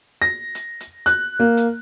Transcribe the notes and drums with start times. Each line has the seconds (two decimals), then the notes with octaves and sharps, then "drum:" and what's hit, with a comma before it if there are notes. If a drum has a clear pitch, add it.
0.22 A#6
0.55 drum: hi-hat
0.80 drum: hi-hat
1.06 F#6, drum: hi-hat
1.40 A#3
1.57 drum: hi-hat